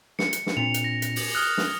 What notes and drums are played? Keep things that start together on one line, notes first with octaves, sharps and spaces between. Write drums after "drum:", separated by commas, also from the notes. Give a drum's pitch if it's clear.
C#7, drum: snare
drum: hi-hat
drum: snare
A#2 C4 D4 F7
drum: hi-hat
A#6
drum: hi-hat
drum: open hi-hat
D#6 F6 F#6
drum: snare